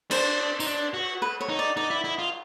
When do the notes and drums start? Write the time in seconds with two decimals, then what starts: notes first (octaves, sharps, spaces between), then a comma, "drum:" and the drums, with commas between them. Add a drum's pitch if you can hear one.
0.11 D4 C5, drum: cymbal
0.60 D#4, drum: tambourine
0.66 D4
0.94 F#4
1.22 B4
1.41 C#5
1.49 D#4
1.59 D5
1.77 D#4 D5
1.90 E4
2.04 E4 D#5
2.19 F4